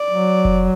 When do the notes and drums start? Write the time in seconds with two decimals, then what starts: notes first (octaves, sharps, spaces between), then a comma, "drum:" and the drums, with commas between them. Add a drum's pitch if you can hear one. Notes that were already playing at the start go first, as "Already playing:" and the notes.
Already playing: D5
0.10 F#3
0.45 drum: kick F1